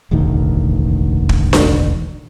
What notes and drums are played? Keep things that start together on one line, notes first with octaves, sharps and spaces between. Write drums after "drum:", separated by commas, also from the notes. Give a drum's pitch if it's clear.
E1 A1 D2 D#3
drum: kick
drum: snare D4